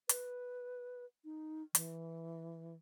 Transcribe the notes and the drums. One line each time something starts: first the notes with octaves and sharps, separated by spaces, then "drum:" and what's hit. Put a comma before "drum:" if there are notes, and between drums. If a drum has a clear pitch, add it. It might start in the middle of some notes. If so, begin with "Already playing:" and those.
B4, drum: hi-hat
D#4
E3, drum: hi-hat